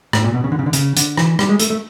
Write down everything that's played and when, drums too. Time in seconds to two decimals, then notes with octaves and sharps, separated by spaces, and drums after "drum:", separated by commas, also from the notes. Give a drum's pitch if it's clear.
0.13 A2, drum: rim click
0.24 A#2
0.34 B2
0.44 C#3
0.52 D3
0.59 C#3
0.66 D3
0.73 C#3, drum: hi-hat
0.97 D3, drum: hi-hat
1.18 E3, drum: rim click
1.39 G3, drum: rim click
1.49 G#3
1.60 A3, drum: hi-hat
1.70 A3